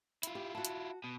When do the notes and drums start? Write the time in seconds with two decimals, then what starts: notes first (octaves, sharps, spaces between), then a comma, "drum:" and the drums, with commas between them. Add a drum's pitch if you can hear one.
0.23 E4 F4, drum: hi-hat
0.35 G4
0.55 F#4 A5
0.65 drum: hi-hat
1.04 B2